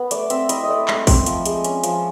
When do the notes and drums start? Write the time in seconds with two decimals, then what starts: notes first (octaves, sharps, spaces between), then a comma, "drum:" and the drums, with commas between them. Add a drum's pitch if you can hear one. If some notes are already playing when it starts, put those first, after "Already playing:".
Already playing: B3
0.11 A3 D5, drum: hi-hat
0.30 C4 E5, drum: hi-hat
0.49 E4 D#5, drum: hi-hat
0.64 D#5
0.69 A3 D5
0.88 A3, drum: clap
1.07 C4, drum: kick, open hi-hat
1.26 F3, drum: hi-hat
1.46 G#3, drum: hi-hat
1.64 C#4, drum: hi-hat
1.84 F3, drum: hi-hat